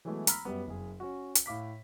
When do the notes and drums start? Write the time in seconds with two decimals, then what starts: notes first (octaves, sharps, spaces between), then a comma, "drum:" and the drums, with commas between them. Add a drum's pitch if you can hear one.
0.05 E3 F#3 G#3 A3 B3 E4
0.27 A#5 B5 E6 F6 B6, drum: hi-hat
0.45 F#2 G3 B3
0.67 F#1 G#4
1.00 C#4 F#4
1.35 drum: hi-hat
1.46 A2 F5 D6 B6